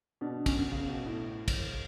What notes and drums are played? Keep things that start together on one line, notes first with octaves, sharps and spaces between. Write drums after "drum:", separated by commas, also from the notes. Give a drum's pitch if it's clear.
B2 D4
C#4, drum: kick, cymbal
C#3
B2
A2
drum: kick, cymbal